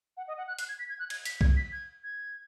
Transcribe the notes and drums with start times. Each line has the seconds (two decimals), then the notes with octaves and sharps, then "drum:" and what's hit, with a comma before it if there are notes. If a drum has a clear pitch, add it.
0.17 F#5
0.28 D#5
0.38 F#5
0.48 F#6
0.59 F#6, drum: hi-hat
0.69 G#6
0.79 B6
0.89 G#6
0.99 F#6
1.10 G#6, drum: cymbal
1.25 B6, drum: hi-hat
1.41 G#6, drum: kick C2
1.56 B6
1.72 G#6
2.03 G#6